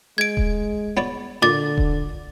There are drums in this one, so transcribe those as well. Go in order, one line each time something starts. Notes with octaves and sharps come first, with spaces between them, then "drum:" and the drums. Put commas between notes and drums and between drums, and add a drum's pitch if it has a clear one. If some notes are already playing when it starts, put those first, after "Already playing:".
G#3 G#6 D7
drum: kick D#1
B3 C#5 D5
A#2 D3 D6 A6
drum: kick D#1